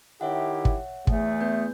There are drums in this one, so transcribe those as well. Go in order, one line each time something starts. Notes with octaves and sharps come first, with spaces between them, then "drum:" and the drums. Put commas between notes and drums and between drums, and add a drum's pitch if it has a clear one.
D#3 E4 G4 C#5 E5 F#5
drum: kick
E2 A3 G#4, drum: kick
B3 B4 G6